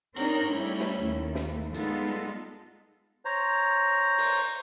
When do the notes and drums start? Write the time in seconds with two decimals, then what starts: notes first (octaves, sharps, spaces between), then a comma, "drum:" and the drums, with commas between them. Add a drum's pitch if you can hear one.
0.16 C4 D4 D#4 A#4 C#5, drum: cymbal
0.50 G3 A3 C#4 E4
0.80 drum: snare
1.02 D#2 A3
1.35 drum: snare
1.74 G3 G#3 B3 D#4 F4 A4, drum: hi-hat
3.25 C5 C#5 A#5
4.18 drum: open hi-hat